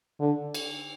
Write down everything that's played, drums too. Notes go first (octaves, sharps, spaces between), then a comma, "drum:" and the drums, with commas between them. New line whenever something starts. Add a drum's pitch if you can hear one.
D3
drum: cymbal